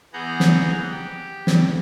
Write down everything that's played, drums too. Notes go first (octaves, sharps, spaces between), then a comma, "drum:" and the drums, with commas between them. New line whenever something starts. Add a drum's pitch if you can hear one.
E3 B3 G#4 F#5 A#5 G6
drum: snare
G4
drum: snare